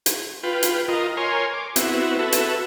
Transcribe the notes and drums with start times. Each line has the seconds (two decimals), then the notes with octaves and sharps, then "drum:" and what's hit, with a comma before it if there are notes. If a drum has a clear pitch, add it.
0.06 drum: hi-hat
0.43 F4 B4 G5
0.63 drum: hi-hat
0.88 F4 A#4 D#5
1.17 A#4 C#5 G#5 C6
1.54 D6
1.76 B3 C4 E4 F#4, drum: hi-hat
2.19 F#4 A4 B4 E5
2.32 drum: hi-hat